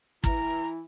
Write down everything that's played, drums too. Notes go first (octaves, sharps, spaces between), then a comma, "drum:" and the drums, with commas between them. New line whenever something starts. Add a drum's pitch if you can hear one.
E3 E4 A#5, drum: kick